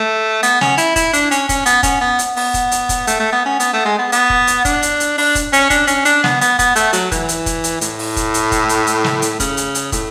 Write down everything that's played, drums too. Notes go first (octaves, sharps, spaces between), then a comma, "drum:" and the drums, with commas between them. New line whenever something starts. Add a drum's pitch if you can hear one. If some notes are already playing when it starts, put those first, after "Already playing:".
Already playing: A3
B3, drum: hi-hat
C#4, drum: snare
E4, drum: hi-hat
E4, drum: kick, hi-hat
D4, drum: hi-hat
C#4, drum: hi-hat
C#4, drum: kick, hi-hat
B3, drum: hi-hat
C#4, drum: kick, hi-hat
B3
drum: hi-hat
B3, drum: open hi-hat
drum: kick, hi-hat
drum: hi-hat
drum: kick, hi-hat
A3, drum: hi-hat
A3
B3
C#4
B3, drum: hi-hat
A3
G#3
B3
B3, drum: hi-hat
drum: kick
drum: hi-hat
D4, drum: kick, hi-hat
drum: hi-hat
drum: hi-hat
D4, drum: open hi-hat
drum: kick, hi-hat
C#4, drum: hi-hat
D4, drum: kick, hi-hat
C#4, drum: hi-hat
D4, drum: hi-hat
B3, drum: snare
B3, drum: hi-hat
B3, drum: kick, hi-hat
A3, drum: hi-hat
F#3, drum: hi-hat
E3, drum: kick, hi-hat
drum: hi-hat
drum: kick, hi-hat
drum: hi-hat
A2, drum: hi-hat
drum: open hi-hat
drum: kick, hi-hat
drum: hi-hat
drum: kick, hi-hat
drum: hi-hat
drum: hi-hat
drum: snare
drum: hi-hat
C#3, drum: kick, hi-hat
drum: hi-hat
drum: hi-hat
A2, drum: kick, hi-hat